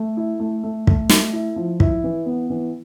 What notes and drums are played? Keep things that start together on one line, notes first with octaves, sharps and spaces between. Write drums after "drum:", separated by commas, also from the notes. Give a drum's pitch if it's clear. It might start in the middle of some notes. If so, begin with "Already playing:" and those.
Already playing: A3
E4
A3
A3
A3, drum: kick
A3, drum: snare
E4
F3
E4, drum: kick
E3
B3
E3